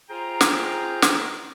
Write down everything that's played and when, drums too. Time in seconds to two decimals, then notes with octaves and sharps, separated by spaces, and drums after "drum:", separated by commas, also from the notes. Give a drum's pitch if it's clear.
0.10 F4 G#4 C5 G5 A#5
0.41 drum: snare
1.02 drum: snare